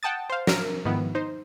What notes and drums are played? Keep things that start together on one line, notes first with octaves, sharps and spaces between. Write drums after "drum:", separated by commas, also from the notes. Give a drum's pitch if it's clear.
F#5 G5 A5 D#6 A6
C5 F5
A#4, drum: snare
G#2 D#3 F3 B3 E4
D#4 C5